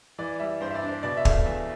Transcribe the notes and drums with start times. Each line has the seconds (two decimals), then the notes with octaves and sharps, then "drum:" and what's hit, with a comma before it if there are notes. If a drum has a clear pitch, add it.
0.18 E3 D5
0.39 G3 E5
0.61 G2 C5
0.70 E5
0.75 D5
0.82 D4
0.89 C5
1.03 B2 D5
1.17 E5
1.25 A3, drum: kick
1.31 F5
1.46 E2